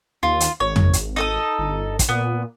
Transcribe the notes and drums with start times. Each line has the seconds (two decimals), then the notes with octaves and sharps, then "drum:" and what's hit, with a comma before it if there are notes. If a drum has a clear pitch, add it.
0.23 D#2 F4
0.40 drum: hi-hat
0.60 G#1 C#5
0.76 drum: tom
0.93 drum: hi-hat
1.16 D#4 A4 D#6
1.59 G1
1.99 drum: kick, hi-hat
2.08 A#2 B3